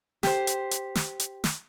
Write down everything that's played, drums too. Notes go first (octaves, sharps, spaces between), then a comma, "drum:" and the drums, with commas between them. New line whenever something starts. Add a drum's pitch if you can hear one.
G4 C5, drum: snare
drum: hi-hat
drum: hi-hat
drum: snare
drum: hi-hat
drum: snare